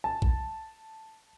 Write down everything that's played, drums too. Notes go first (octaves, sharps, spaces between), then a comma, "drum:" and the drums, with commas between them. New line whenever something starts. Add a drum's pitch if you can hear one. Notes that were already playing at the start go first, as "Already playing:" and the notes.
A5
drum: kick